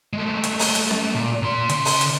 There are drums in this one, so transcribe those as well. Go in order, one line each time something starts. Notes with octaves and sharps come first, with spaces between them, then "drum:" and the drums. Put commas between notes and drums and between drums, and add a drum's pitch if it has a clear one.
G#3 A3
drum: hi-hat
drum: open hi-hat
drum: hi-hat
drum: snare C#4
A#2
A#2 C6
C#3 C6, drum: hi-hat
drum: open hi-hat
drum: hi-hat